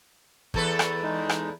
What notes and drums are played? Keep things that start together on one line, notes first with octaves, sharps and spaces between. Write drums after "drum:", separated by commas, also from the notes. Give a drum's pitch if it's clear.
E2 A4 B4, drum: kick
drum: rim click
G#3 D#4
drum: rim click